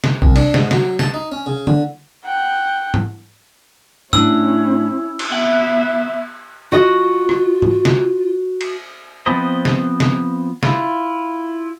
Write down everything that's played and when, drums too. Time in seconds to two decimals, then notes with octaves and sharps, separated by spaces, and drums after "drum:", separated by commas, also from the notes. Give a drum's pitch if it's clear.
0.04 drum: snare
0.22 C2, drum: kick A#1
0.36 D4, drum: cymbal
0.54 G#2, drum: snare
0.71 F#3, drum: snare
0.99 A5, drum: snare
1.14 D#4
1.32 C#4
1.46 C#3
1.67 D3, drum: tom
2.24 F#5 G5
2.94 drum: tom
4.13 A2 C#4 D4 E4 E6, drum: tom
5.19 drum: cymbal
5.32 B3 E5 F#5
6.72 F4 F#4 D#5
7.29 drum: rim click
7.62 drum: tom
7.85 drum: snare
8.61 drum: cymbal
9.26 F3 B3 C4 B4 D#5
9.65 drum: snare
10.00 drum: snare
10.63 E4 F4, drum: snare